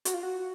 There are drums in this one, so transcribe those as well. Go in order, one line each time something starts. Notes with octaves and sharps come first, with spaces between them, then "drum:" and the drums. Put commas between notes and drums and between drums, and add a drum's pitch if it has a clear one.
F#4, drum: hi-hat
F4
F#4